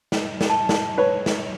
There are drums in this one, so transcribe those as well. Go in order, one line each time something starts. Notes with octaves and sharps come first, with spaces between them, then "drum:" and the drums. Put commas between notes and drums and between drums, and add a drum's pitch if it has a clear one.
drum: snare
drum: snare
A5
drum: snare
B4 C#5
drum: snare